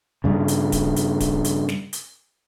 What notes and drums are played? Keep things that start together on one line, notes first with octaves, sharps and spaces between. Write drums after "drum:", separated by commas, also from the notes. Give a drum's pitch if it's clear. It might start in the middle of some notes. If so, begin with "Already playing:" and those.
G2 C#3
drum: hi-hat
drum: kick D1, hi-hat
drum: hi-hat
drum: kick D1, hi-hat
drum: hi-hat
drum: snare
drum: hi-hat